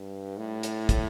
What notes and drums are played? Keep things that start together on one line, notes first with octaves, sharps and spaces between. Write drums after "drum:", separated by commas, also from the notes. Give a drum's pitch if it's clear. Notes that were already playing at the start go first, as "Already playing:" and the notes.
Already playing: G2
A2
drum: hi-hat
drum: kick, hi-hat